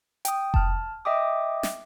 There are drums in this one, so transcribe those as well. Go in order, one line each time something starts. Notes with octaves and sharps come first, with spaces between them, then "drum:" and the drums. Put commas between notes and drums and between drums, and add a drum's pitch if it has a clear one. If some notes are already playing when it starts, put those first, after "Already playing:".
G5 D#6, drum: hi-hat
A5 F6, drum: kick F1
D#5 E5 G5 D6 D#6
drum: snare